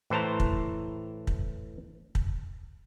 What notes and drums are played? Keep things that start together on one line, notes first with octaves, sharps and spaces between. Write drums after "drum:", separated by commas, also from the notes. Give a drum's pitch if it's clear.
A2 E3 C5 A5 A#5
drum: kick
drum: kick
drum: kick